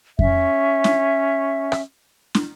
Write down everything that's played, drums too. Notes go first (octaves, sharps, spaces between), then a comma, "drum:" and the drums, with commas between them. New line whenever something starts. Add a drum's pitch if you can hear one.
C#4 E5, drum: kick F2
drum: snare
drum: rim click
drum: snare